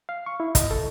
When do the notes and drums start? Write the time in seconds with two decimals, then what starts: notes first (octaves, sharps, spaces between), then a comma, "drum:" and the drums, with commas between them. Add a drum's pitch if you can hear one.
0.09 F5
0.26 C#6
0.40 E4
0.55 D#5, drum: kick, hi-hat
0.71 A4